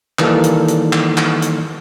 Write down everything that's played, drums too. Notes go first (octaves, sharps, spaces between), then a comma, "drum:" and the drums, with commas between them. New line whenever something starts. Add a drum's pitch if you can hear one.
D#3 E3 G3 A#3 D#4 A4, drum: clap
drum: hi-hat
drum: hi-hat
drum: clap
drum: clap
drum: hi-hat